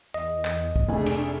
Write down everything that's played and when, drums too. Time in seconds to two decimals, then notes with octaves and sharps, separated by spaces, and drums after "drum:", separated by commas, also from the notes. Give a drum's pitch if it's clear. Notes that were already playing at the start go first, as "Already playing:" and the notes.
0.14 E2 D#5
0.45 drum: clap
0.76 drum: kick
0.88 F1 A3 D4 G#4 G#5
1.06 drum: cymbal